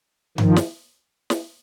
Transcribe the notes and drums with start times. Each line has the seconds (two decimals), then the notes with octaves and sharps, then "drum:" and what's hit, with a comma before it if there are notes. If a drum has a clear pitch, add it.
0.38 D#3 F3, drum: tom G2
0.56 drum: snare
1.30 drum: snare